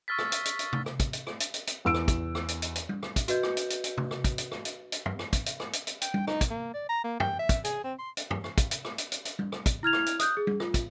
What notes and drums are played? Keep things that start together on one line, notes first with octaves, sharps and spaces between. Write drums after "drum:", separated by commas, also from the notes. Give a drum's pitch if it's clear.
C#6 E6 F6 A6 B6
drum: rim click
drum: hi-hat
drum: hi-hat
drum: hi-hat
drum: tom C3
drum: rim click
drum: kick, hi-hat
drum: hi-hat
drum: rim click
drum: hi-hat
drum: hi-hat
drum: hi-hat
E2 E6 D7
drum: rim click
drum: kick, hi-hat
drum: rim click
drum: hi-hat
drum: hi-hat
drum: hi-hat
drum: tom G3
drum: rim click
drum: kick, hi-hat
F#4 B4 D#5 G6, drum: hi-hat
drum: rim click
drum: hi-hat
drum: hi-hat
drum: hi-hat
drum: tom C3
drum: rim click
drum: kick, hi-hat
drum: hi-hat
drum: rim click
drum: hi-hat
drum: hi-hat
drum: tom
drum: rim click
drum: kick, hi-hat
drum: hi-hat
drum: rim click
drum: hi-hat
drum: hi-hat
G5, drum: hi-hat
drum: tom G3
D#4, drum: rim click
drum: kick, hi-hat
A#3
D5
A#5
A#3
G5, drum: tom
E5
drum: kick, hi-hat
G#4, drum: hi-hat
C4
C6
drum: hi-hat
drum: tom
drum: rim click
drum: kick, hi-hat
drum: hi-hat
drum: rim click
drum: hi-hat
drum: hi-hat
drum: hi-hat
drum: tom G3
drum: rim click
drum: kick, hi-hat
E4 F6 G#6 F7
drum: rim click
drum: hi-hat
D#6 F#6 G6, drum: hi-hat
G#4
drum: tom G3
F4, drum: rim click
drum: kick, hi-hat